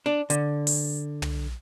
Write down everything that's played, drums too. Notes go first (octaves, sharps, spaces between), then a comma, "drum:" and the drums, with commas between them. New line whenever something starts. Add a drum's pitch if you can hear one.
D4
D3, drum: hi-hat
drum: open hi-hat
drum: tom